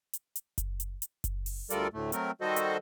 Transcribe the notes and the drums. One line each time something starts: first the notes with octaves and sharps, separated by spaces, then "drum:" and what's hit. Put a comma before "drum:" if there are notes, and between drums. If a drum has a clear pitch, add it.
drum: hi-hat
drum: hi-hat
drum: kick F#1, hi-hat
drum: hi-hat
drum: hi-hat
drum: kick F#1, hi-hat
drum: open hi-hat
D2 G3 F4 A4 A#4 D5, drum: hi-hat
D2 A2 A3
F#3 A3 C4 A#4, drum: hi-hat
D#3 G3 F#4 A4 C5 D#5
drum: hi-hat